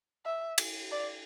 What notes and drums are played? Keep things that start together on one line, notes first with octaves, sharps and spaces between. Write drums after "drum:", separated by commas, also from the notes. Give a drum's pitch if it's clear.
E5
drum: cymbal
D5